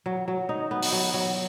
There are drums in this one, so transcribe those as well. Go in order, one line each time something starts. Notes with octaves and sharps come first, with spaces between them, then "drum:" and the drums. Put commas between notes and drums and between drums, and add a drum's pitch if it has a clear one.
F#3
F#3
D#4
B3
drum: open hi-hat
F#3
F#3